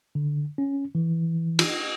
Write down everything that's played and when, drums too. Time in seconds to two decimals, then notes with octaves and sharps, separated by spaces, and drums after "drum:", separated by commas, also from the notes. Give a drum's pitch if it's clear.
0.15 D3
0.58 C#4
0.95 E3
1.59 drum: cymbal